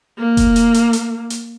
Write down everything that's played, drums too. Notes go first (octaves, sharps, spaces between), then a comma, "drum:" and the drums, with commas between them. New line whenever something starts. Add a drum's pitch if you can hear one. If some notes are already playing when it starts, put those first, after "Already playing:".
A#3
drum: kick E1, hi-hat
drum: hi-hat
drum: hi-hat
drum: hi-hat
drum: hi-hat